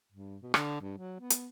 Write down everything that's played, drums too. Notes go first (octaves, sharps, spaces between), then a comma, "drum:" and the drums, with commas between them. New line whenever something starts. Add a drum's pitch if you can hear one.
G2
B2
D3, drum: rim click
G2
F#3
B3
drum: hi-hat